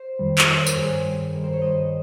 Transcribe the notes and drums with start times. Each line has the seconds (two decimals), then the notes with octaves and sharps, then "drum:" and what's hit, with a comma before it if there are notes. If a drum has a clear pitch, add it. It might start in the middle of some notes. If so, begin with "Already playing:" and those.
Already playing: C5
0.19 F2 D#3 G3
0.38 drum: clap
0.48 F2 D#3 G3 C#5
0.57 C5
0.66 A#4, drum: tambourine
0.76 G2 D#3 G3 G#4
1.05 G2 D#3 G3
1.34 G2 D#3 G3 A#4
1.44 C5
1.53 C#5
1.62 G2 D#3 G3 D#5